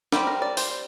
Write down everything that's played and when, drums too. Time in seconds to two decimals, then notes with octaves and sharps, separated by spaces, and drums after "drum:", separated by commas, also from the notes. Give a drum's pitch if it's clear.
0.12 G3 C4 G4, drum: snare
0.27 A#4
0.42 D5
0.57 C5, drum: open hi-hat